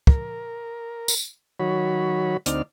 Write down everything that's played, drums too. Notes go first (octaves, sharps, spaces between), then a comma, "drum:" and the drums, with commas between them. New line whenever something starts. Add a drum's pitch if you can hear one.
A#4, drum: kick
drum: tambourine
D#3 F#3 F#4 C#5 B5
D2 C4 D#4 D5 F6, drum: hi-hat